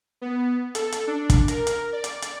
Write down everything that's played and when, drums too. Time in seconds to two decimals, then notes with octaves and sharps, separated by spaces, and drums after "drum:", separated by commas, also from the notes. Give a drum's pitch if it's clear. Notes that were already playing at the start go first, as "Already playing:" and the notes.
0.22 B3
0.75 A4, drum: hi-hat
0.92 drum: hi-hat
1.07 D4
1.30 drum: kick, hi-hat
1.48 A#4, drum: hi-hat
1.67 drum: hi-hat
1.93 D5
2.04 drum: hi-hat
2.22 drum: hi-hat